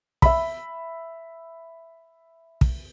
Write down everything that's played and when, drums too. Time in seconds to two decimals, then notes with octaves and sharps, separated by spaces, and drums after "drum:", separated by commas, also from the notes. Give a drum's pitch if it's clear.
0.22 E5 B5, drum: kick
2.61 drum: kick